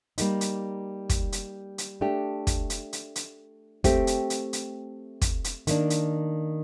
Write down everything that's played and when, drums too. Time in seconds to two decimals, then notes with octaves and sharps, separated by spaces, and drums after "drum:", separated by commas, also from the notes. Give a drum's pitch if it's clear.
0.18 G3 A#3 D#4, drum: hi-hat
0.41 drum: hi-hat
1.10 drum: kick, hi-hat
1.32 drum: hi-hat
1.78 drum: hi-hat
2.01 A3 D4 G4
2.47 drum: kick, hi-hat
2.70 drum: hi-hat
2.93 drum: hi-hat
3.16 drum: hi-hat
3.84 A3 C4 G4, drum: kick, hi-hat
4.07 drum: hi-hat
4.30 drum: hi-hat
4.53 drum: hi-hat
5.22 drum: kick, hi-hat
5.44 drum: hi-hat
5.67 D#3 A#3 D4, drum: hi-hat
5.90 drum: hi-hat